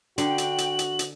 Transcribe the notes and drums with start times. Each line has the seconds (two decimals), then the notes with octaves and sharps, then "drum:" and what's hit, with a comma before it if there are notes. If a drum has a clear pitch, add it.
0.18 D3 F#4 G5 F#7, drum: hi-hat
0.38 drum: hi-hat
0.58 drum: hi-hat
0.79 drum: hi-hat
0.99 drum: hi-hat